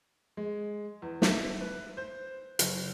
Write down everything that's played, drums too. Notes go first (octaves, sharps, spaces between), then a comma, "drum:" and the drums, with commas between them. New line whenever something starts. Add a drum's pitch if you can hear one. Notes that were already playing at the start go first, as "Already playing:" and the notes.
G#3
E2
E5, drum: snare
B4
C5
F#1, drum: hi-hat